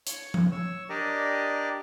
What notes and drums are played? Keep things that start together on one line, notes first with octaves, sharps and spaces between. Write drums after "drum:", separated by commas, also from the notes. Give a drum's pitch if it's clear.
C#5, drum: hi-hat
drum: tom F3
C#5 E6
D4 G4 A#4 D5 D#5